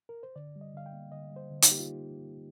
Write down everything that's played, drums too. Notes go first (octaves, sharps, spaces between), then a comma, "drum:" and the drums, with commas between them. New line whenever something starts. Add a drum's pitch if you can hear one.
A#4
C5
D3 D5
G3
D#5
D3 F5
G5
A#3
D3 D#5
G3
C5
D3
D#4, drum: hi-hat
A#3 G4
F4